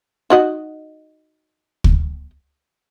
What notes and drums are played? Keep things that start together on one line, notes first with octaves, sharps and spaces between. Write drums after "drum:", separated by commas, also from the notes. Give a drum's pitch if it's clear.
D#4 F#4 D#5
drum: kick